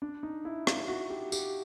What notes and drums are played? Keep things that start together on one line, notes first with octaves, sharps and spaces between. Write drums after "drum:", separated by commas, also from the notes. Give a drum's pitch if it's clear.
D4
D#4
E4
F4, drum: rim click
F#4
G4
G4, drum: tambourine